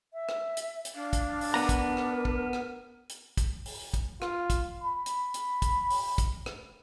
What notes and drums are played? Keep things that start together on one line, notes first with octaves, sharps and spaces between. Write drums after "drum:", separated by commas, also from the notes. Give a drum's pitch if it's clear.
E5
drum: rim click
drum: hi-hat
drum: hi-hat
D4 F5
drum: kick, hi-hat
drum: open hi-hat
B3 A#4 A#5
drum: kick, hi-hat
drum: rim click
drum: kick
drum: rim click
drum: hi-hat
drum: kick, hi-hat
drum: open hi-hat
drum: kick, hi-hat
F4, drum: rim click
drum: kick, hi-hat
B5
drum: hi-hat
drum: hi-hat
drum: kick, hi-hat
drum: open hi-hat
drum: kick, hi-hat
drum: rim click